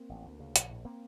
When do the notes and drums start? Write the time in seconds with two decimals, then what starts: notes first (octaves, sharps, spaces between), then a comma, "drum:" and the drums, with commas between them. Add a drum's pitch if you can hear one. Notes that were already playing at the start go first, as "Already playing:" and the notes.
Already playing: A#3 C4
0.09 A1
0.25 D2
0.40 C#3
0.56 A#1, drum: hi-hat
0.71 A2
0.85 A#3 C4